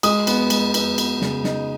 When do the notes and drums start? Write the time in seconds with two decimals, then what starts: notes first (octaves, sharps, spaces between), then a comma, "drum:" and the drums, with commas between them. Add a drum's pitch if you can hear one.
0.03 G#3 D#6, drum: cymbal
0.27 B3, drum: cymbal
0.50 G#3, drum: cymbal
0.74 B3, drum: cymbal
0.98 B3, drum: cymbal
1.22 C#3, drum: snare
1.44 D#4, drum: snare